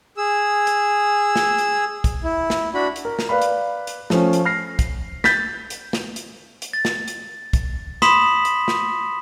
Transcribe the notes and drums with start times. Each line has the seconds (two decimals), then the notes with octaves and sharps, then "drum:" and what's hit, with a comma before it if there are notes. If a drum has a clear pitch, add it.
0.17 G#4 E6
0.67 drum: hi-hat
1.36 drum: snare
1.58 drum: hi-hat
2.04 drum: kick, hi-hat
2.24 E4
2.50 drum: snare
2.74 D4 F#4 B5
2.96 drum: hi-hat
3.05 A#4
3.19 drum: snare
3.29 B4 D5 F5 B5
3.42 drum: hi-hat
3.87 drum: hi-hat
4.10 F3 A3 C#4, drum: snare
4.33 drum: hi-hat
4.45 F6 A#6 C7
4.79 drum: kick, hi-hat
5.24 G6 A6 B6, drum: snare
5.70 drum: hi-hat
5.93 drum: snare
6.16 drum: hi-hat
6.62 drum: hi-hat
6.73 A6
6.85 drum: snare
7.08 drum: hi-hat
7.53 drum: kick, hi-hat
8.02 B5 C6 D#6 B6 E7 F#7, drum: snare
8.45 drum: hi-hat
8.68 drum: snare